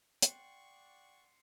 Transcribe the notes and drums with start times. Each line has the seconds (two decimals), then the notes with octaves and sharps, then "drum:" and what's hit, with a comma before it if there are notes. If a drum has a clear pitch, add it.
0.22 D5 F#5 G5 C6 C#6 C7 C#7, drum: hi-hat